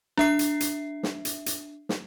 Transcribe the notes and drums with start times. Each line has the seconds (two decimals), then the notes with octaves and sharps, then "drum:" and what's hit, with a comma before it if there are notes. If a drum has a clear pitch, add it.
0.18 D4 E5 C7, drum: snare
0.39 drum: hi-hat
0.60 drum: hi-hat
1.03 drum: snare
1.25 drum: hi-hat
1.46 drum: hi-hat
1.89 drum: snare